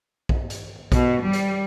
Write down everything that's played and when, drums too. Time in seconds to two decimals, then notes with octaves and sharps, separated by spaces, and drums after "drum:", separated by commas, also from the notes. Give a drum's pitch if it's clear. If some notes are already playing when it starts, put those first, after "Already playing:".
0.29 drum: kick B1
0.50 drum: hi-hat
0.92 B2, drum: kick B1, hi-hat
1.22 G3
1.33 drum: hi-hat